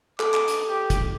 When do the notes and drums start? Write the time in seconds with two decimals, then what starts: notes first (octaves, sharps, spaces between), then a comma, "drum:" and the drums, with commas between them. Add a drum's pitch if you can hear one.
0.20 A4 D6, drum: clap
0.34 drum: clap
0.48 drum: hi-hat
0.68 G4
0.90 drum: kick, hi-hat